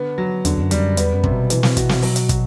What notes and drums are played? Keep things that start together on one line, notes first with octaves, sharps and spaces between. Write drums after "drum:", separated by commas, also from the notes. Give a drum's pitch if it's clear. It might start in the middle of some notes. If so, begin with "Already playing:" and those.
Already playing: D3 B3
F#3
E2 D3, drum: hi-hat
E2
F#2
E2 G3, drum: hi-hat
F#2
E2 B3, drum: hi-hat
F#2
C3, drum: kick
B2
E3, drum: hi-hat
drum: snare
F#4, drum: kick, hi-hat
drum: snare
F#3, drum: open hi-hat
drum: hi-hat
F#3, drum: kick, hi-hat